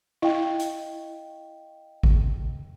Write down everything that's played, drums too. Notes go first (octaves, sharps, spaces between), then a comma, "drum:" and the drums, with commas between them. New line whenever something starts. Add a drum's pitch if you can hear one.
E4 D#5 F5 G5
drum: hi-hat
drum: kick G#1